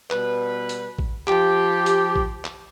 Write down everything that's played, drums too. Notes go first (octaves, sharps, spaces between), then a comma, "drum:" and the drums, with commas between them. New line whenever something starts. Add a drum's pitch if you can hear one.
B2 G3 B4, drum: clap
drum: hi-hat
drum: kick A1
F3 G4, drum: clap
drum: hi-hat
drum: kick A1
drum: clap